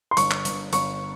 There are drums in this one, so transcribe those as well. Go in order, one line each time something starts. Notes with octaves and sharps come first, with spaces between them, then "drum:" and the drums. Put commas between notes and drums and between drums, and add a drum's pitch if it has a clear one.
C6
G1 C#6, drum: hi-hat
drum: clap
G1, drum: hi-hat
G1 C#6, drum: hi-hat